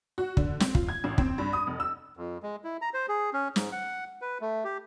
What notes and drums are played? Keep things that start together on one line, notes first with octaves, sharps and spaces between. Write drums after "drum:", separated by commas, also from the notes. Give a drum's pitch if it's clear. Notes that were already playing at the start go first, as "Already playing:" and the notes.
F#4
D3, drum: kick
C4, drum: snare
F4, drum: kick
G#6
A1
C4, drum: kick
G2
D#6
F1
E6
F2
G#3
E4
A#5
C5
G#4
C#4
G#2, drum: snare
F#5
B4
A3
G4